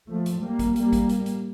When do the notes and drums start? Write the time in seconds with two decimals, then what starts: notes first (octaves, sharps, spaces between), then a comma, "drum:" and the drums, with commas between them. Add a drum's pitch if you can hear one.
0.09 F3 A3
0.26 drum: hi-hat
0.43 G3 A#3
0.59 drum: kick G#1, hi-hat
0.76 G3 A#3, drum: hi-hat
0.93 drum: kick G#1, hi-hat
1.09 drum: hi-hat
1.26 drum: hi-hat